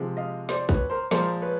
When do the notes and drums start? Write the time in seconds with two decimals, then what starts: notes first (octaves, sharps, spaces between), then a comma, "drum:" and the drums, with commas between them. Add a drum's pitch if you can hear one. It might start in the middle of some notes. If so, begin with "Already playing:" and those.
Already playing: C3 F3 G#3
0.17 D#5 F5
0.49 C5 D5, drum: snare
0.69 B4 C#5, drum: kick
0.90 A#4 C5
1.11 A#2 F3 G#3 A#4 C5, drum: snare
1.42 B4 C#5